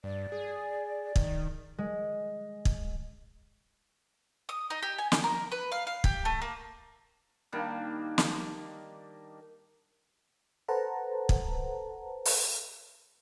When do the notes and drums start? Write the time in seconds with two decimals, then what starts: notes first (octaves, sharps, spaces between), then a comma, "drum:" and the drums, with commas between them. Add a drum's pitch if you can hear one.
0.04 G2 D5
0.32 G#4
1.16 D#3, drum: kick
1.78 G#3
2.65 drum: kick
4.49 D#6
4.70 D#4
4.82 G4
4.98 G#5
5.12 G5, drum: snare
5.24 A#4
5.52 B4
5.72 F5
5.87 F5
6.04 G4, drum: kick
6.25 A3
6.42 A#3
7.52 D#3 G3 A#3 D4
8.18 drum: snare
10.68 A4 B4 C5 F#5 A5 A#5
11.29 drum: kick
12.25 drum: open hi-hat